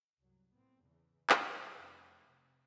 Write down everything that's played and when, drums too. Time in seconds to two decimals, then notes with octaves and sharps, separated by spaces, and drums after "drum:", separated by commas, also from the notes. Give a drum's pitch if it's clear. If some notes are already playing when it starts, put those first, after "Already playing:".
0.20 C2 F#2 F#3
0.52 A2 B3 C4
0.81 E2 G#2 C#3 E3
1.30 B2 D#3 F3 F#3 B3 C#4, drum: clap
1.75 F1 F2
2.25 C3